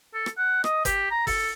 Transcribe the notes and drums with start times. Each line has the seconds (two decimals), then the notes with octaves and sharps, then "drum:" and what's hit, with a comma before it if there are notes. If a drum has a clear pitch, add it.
0.14 A4
0.26 drum: rim click
0.37 F#5
0.64 D#5, drum: rim click
0.85 G4, drum: kick, hi-hat
1.11 A#5
1.27 A4, drum: kick, open hi-hat